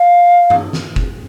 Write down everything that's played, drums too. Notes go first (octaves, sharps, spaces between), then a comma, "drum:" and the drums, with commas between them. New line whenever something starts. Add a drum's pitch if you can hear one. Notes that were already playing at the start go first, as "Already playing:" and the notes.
Already playing: F5
drum: tom G2
drum: snare
drum: kick